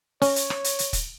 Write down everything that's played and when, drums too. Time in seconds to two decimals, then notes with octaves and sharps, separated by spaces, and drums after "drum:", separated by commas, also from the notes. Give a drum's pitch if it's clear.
0.22 C#4 C#5, drum: open hi-hat
0.36 drum: hi-hat
0.50 drum: rim click
0.64 drum: hi-hat
0.79 drum: hi-hat
0.93 drum: kick, hi-hat